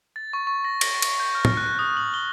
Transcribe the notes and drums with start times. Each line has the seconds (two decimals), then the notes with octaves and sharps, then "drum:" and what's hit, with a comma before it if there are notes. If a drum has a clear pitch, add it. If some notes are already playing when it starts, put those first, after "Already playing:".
0.16 A6
0.33 C#6
0.47 C#6
0.65 A#6
0.81 A#6, drum: cymbal
1.02 drum: cymbal
1.20 G6
1.35 F6
1.45 drum: tom A2
1.57 F#6
1.79 D#6
1.97 F#7
2.14 G7